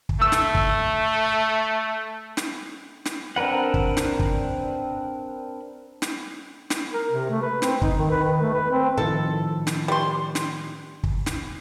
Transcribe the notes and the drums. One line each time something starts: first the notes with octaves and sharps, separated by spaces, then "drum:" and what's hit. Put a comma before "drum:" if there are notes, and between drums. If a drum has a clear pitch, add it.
drum: kick
A3 E6
drum: snare
drum: kick
drum: snare
drum: snare
C4 D4 A#4 B4 F#5
drum: kick
drum: snare
drum: kick
drum: snare
drum: snare
A#4
C3
A3
B4
C4, drum: snare
D#4, drum: kick
D#3
B4
D#3
A3
B4
C4
A2 D#3 F3 A4
drum: snare
G3 C6
drum: snare
drum: kick
drum: snare